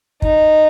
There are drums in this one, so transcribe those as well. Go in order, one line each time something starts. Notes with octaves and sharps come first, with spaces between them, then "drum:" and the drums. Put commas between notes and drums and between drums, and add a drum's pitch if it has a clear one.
D#4, drum: kick